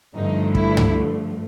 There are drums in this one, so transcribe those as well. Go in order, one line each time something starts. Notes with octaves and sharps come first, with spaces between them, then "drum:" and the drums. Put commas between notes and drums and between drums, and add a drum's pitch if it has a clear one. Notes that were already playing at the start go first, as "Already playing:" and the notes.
G2 D3 F3 A3 D#4
E4, drum: kick
drum: tom